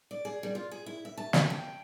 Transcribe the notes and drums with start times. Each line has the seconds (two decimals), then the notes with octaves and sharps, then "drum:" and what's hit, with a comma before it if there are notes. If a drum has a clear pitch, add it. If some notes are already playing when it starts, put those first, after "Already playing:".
0.11 D5
0.25 G#4
0.43 G3
0.55 F4
0.71 G#4
0.86 E4
1.05 E5
1.18 A5
1.33 C#3, drum: snare
1.50 G5